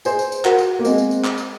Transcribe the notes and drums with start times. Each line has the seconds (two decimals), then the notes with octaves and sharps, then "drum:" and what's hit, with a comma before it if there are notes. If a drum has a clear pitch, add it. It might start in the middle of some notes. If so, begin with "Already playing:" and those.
0.05 G#4 C5, drum: tambourine
0.19 drum: tambourine
0.32 drum: tambourine
0.45 F#4 A#4, drum: clap
0.58 drum: tambourine
0.79 A#3
0.85 G#3 C4, drum: tambourine
0.98 drum: tambourine
1.11 drum: tambourine
1.24 drum: clap
1.38 drum: tambourine